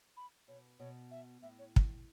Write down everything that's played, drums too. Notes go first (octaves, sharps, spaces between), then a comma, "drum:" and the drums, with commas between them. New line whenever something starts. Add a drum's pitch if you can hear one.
B5
B2 C#5
B2 C#5
E5
A2 E5
C#5
drum: kick